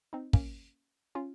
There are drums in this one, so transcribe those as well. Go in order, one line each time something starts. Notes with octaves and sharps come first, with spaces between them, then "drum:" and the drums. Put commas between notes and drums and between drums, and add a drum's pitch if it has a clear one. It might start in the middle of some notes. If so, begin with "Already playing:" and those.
C4 D#4
A#3 C#4, drum: kick
C#4 F4